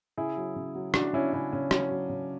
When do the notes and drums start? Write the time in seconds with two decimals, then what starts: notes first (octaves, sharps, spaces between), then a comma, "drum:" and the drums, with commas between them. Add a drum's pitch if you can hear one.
0.17 C#3 E4 G#4
0.37 F#3
0.56 C#3
0.75 F#3
0.94 C#3 D4 F#4, drum: rim click
1.13 C#3 C#4 E4
1.33 C#3 C#4 E4
1.53 C#3 C#4
1.71 F#3 C#4, drum: rim click
1.91 F#3
2.10 C#3